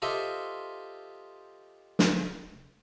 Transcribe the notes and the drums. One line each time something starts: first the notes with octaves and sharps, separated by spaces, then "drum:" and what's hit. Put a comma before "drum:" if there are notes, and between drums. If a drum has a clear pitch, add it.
F4 G4 A4 C5 D#5 E5
drum: snare